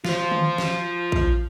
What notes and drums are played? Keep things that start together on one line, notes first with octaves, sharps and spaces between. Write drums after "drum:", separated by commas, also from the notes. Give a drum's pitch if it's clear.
F4 C5, drum: snare
drum: tom D3
drum: snare
drum: kick